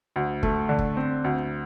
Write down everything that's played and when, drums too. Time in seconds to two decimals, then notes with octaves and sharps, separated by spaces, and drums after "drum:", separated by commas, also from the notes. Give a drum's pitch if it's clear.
0.16 D2
0.43 A3, drum: kick
0.69 D3
0.79 drum: kick
0.97 C4
1.24 D2